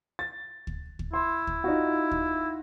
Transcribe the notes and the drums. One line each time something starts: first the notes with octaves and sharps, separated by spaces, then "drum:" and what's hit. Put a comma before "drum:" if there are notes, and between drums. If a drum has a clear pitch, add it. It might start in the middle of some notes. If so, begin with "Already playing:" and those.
A6
drum: kick D2
drum: kick D2
E4 C6
drum: kick D2
D#4 F4 F#4
drum: kick D2